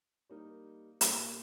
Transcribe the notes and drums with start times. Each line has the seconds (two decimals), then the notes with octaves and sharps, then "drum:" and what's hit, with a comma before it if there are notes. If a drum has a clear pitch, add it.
0.30 G3 A#3 D#4 A#4
1.01 A#2 G3 A#3 F4 A#4, drum: hi-hat